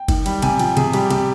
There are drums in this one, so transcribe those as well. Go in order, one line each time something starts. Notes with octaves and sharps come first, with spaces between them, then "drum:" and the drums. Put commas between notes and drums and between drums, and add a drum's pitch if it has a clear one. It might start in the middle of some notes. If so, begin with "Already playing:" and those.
Already playing: G5
D#3, drum: kick G1, cymbal
G3, drum: cymbal
C3 G#5, drum: cymbal
F3 G5, drum: cymbal
C3 G#4, drum: cymbal
G3 G4, drum: cymbal
C3 G4, drum: cymbal